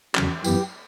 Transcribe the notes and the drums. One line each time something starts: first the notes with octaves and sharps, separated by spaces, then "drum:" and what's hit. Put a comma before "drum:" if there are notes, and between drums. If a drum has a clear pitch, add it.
E2 C#3 F#3, drum: clap
F#2 E3 B3 G4, drum: tambourine